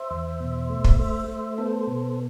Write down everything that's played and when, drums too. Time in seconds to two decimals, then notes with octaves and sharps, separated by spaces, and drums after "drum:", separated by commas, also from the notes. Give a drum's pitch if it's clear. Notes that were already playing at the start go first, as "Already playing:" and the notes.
Already playing: C5 E5
0.11 E2
0.40 B2
0.70 A3
0.84 drum: kick
0.99 A3 C5 E5
1.28 A3
1.58 B3 A4 C5
1.87 B2